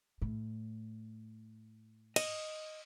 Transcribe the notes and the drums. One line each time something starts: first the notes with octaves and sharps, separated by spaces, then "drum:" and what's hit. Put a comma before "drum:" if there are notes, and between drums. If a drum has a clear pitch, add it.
A2
D#5, drum: cymbal